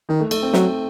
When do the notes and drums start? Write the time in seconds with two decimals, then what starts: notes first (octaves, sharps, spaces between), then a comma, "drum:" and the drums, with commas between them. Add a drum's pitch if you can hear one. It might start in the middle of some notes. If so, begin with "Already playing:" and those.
0.09 D#3 D#4
0.20 A3
0.31 A3, drum: cymbal
0.43 C4
0.53 F#3, drum: snare